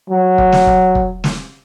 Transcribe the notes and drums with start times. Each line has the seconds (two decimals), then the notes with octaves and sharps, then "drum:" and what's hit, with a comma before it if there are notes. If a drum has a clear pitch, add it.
0.10 F#3
0.38 drum: kick
0.52 drum: snare
0.67 drum: kick
0.95 drum: kick
1.24 drum: snare